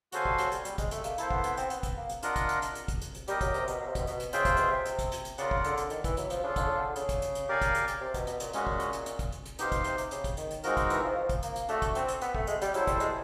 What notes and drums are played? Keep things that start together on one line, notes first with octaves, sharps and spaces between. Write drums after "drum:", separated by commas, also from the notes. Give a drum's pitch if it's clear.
C#3 F#4 A4 C5 F5 G#5, drum: hi-hat
G3, drum: kick
F#3, drum: hi-hat
G3, drum: hi-hat
G3, drum: hi-hat
G#3, drum: kick, hi-hat
A3, drum: hi-hat
A#3, drum: hi-hat
A#3 E4 A4 C5, drum: hi-hat
B3, drum: kick
B3, drum: hi-hat
C4, drum: hi-hat
B3, drum: hi-hat
drum: kick, hi-hat
A#3
drum: hi-hat
D4 F4 A#4 D#5 F#5, drum: hi-hat
drum: kick, hi-hat
drum: hi-hat
drum: hi-hat
drum: hi-hat
drum: kick, hi-hat
drum: hi-hat
drum: hi-hat
G3 G4 A#4 D#5, drum: hi-hat
F#3, drum: kick, hi-hat
C3, drum: hi-hat
B2, drum: hi-hat
B2
C3
B2, drum: kick, hi-hat
B2, drum: hi-hat
drum: hi-hat
C#3 F4 G#4 C5 E5 G5, drum: hi-hat
C3, drum: kick, hi-hat
B2, drum: hi-hat
C3
drum: hi-hat
drum: kick, hi-hat
drum: hi-hat
drum: hi-hat
C#3 F4 A#4 D5 F#5, drum: hi-hat
drum: kick
D3, drum: hi-hat
drum: hi-hat
D#3, drum: hi-hat
E3, drum: kick, hi-hat
F#3, drum: hi-hat
F3, drum: hi-hat
C#3 D4 F4 A4
D3, drum: kick, hi-hat
C#3
D3
C#3, drum: hi-hat
drum: kick, hi-hat
drum: hi-hat
drum: hi-hat
G4 A#4 D5 F5 G#5
drum: kick, hi-hat
drum: hi-hat
drum: hi-hat
C3
B2, drum: kick, hi-hat
B2, drum: hi-hat
A#2, drum: hi-hat
A#2 G#3 C#4 F#4, drum: hi-hat
drum: kick
drum: hi-hat
drum: hi-hat
drum: hi-hat
drum: kick, hi-hat
drum: hi-hat
drum: hi-hat
B2 D#4 G4 C5 F5, drum: hi-hat
drum: kick, hi-hat
C3, drum: hi-hat
drum: hi-hat
C#3, drum: hi-hat
drum: kick, hi-hat
D#3, drum: hi-hat
drum: hi-hat
F3 G#3 C4 D#4 F#4 A#4, drum: hi-hat
drum: kick, hi-hat
E3, drum: hi-hat
F3
F3
drum: kick, hi-hat
A#3, drum: hi-hat
drum: hi-hat
A3 D4 F#4 A4, drum: hi-hat
drum: kick, hi-hat
C4, drum: hi-hat
drum: hi-hat
B3, drum: hi-hat
A3, drum: kick
G#3, drum: hi-hat
G3, drum: hi-hat
F#3 E4 A4 C5, drum: hi-hat
G3, drum: kick, hi-hat
G#3, drum: hi-hat